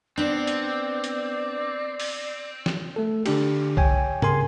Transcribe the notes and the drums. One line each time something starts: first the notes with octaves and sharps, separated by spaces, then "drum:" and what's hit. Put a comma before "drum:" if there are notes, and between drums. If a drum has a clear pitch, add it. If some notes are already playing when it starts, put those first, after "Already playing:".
B3 C4 D4 D5
drum: hi-hat
drum: hi-hat
drum: open hi-hat
drum: snare
A3 A4
D3 D4 G4, drum: cymbal
C#5 G5 G#5, drum: kick B1
C#3 A#4 G#5 C6, drum: tom G#2